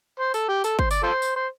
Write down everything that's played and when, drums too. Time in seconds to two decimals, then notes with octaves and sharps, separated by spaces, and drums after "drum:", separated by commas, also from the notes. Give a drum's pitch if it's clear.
0.20 C5
0.34 A4, drum: tambourine
0.49 G4
0.64 A4, drum: tambourine
0.79 C5, drum: kick
0.91 D5, drum: tambourine
1.03 F4 A4 C5
1.22 drum: tambourine
1.36 C5